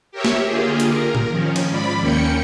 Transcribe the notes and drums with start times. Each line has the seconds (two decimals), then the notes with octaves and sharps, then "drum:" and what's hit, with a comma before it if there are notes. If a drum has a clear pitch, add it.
0.12 G4 A#4 C#5 E5
0.25 drum: snare
0.46 D3 A#3 F4 G4 G#4
0.80 drum: hi-hat
0.90 A#4
1.15 drum: tom A2
1.28 D#3 F3 C#4
1.56 drum: cymbal
1.69 G#2 F3 D5 B5
1.99 D#2 A#3 C#4 G5 C#7